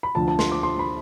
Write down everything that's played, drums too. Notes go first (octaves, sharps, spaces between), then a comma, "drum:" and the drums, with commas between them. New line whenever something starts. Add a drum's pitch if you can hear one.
B5
D2 D3 F3 A5
A5
C6, drum: snare
D6
C6
B5